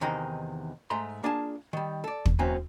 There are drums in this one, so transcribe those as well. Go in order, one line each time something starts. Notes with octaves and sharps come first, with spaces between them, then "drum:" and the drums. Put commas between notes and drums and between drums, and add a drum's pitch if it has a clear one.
E2 C3 D#3 D#4 G5 A#5
G#2 A3 A#5 C6
A#3 D4 F4 G#4 G#5 A5
D#3 G3
A4 D5
drum: kick
F#2 E3 A#3 C4 C#4